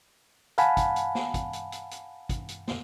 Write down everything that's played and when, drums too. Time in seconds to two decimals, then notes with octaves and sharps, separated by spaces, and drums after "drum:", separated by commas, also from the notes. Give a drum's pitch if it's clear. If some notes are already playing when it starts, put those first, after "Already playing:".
0.58 F5 F#5 G#5 A5 B5, drum: hi-hat
0.77 drum: kick, hi-hat
0.96 drum: hi-hat
1.15 drum: snare
1.34 drum: kick, hi-hat
1.53 drum: hi-hat
1.72 drum: hi-hat
1.91 drum: hi-hat
2.29 drum: kick, hi-hat
2.48 drum: hi-hat
2.68 drum: snare